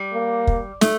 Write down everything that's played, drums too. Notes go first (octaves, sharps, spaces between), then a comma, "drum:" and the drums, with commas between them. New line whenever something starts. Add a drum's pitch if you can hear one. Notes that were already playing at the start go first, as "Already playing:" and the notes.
Already playing: G3
A#3
drum: kick
A3, drum: snare